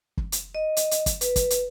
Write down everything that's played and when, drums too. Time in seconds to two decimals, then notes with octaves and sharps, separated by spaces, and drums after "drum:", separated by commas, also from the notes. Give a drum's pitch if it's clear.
0.17 drum: kick
0.32 drum: hi-hat
0.55 D#5
0.77 drum: hi-hat
0.91 drum: hi-hat
1.06 drum: kick, hi-hat
1.21 B4, drum: hi-hat
1.36 drum: kick, hi-hat
1.50 drum: hi-hat